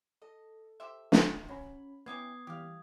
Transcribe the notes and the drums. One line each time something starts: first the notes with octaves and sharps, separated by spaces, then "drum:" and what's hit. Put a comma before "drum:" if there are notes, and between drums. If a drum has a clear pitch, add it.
A4 D#5
G4 C5 E5
drum: snare
F#3 C#4 C#5 B5
E3 B3 C#4 G5 D6 D#6 G#6 C7
E3 G3 G4 F5